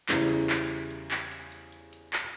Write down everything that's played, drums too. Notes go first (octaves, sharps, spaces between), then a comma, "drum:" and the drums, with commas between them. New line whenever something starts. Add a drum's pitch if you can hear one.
E2 C#3 G3 E4 C5 A#5, drum: clap
drum: hi-hat
drum: clap
drum: hi-hat
drum: hi-hat
drum: clap
drum: hi-hat
drum: hi-hat
drum: hi-hat
drum: hi-hat
drum: clap